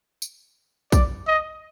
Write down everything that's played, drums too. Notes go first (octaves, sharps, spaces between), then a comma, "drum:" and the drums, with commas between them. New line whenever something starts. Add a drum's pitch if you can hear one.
drum: tambourine
D5, drum: kick A#1, tambourine
D#5